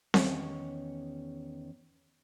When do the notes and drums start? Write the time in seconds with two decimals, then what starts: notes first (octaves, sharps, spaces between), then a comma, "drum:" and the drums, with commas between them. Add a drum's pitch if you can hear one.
0.14 E2 D#3 C#4 C#5, drum: snare C4